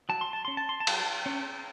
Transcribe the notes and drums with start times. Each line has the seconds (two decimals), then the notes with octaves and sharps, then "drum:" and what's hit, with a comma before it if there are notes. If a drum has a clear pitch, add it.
0.09 F#3 A5
0.21 C6
0.33 A5
0.45 C#4 C6
0.57 A5
0.69 C6
0.80 A5
0.87 F#3, drum: cymbal
1.26 C#4